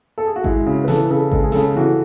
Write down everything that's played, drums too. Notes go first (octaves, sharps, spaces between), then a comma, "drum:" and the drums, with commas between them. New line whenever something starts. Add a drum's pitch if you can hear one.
A4
G#4
F#4
G#3 E4, drum: kick G#1
C#3 F#4
B4
E3 A4, drum: snare
B4
C#3 A4
G#3 A4, drum: kick G#1
G#4
C#3 A4, drum: snare
E3 F#4